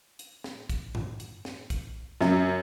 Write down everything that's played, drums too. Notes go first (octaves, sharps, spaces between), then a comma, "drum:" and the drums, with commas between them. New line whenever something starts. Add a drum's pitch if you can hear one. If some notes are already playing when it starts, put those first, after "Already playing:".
drum: hi-hat
drum: snare
drum: kick A#1, hi-hat
drum: tom F#2
drum: hi-hat
drum: snare
drum: kick A#1, hi-hat
F#2, drum: snare